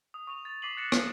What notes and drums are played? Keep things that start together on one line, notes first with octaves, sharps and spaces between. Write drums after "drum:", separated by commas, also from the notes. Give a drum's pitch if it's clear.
D#6
C#6 D#6 F7
A6
D6 B6 C7 D#7 F#7
F#6 A6 A#6 C#7 E7 F#7
F6, drum: rim click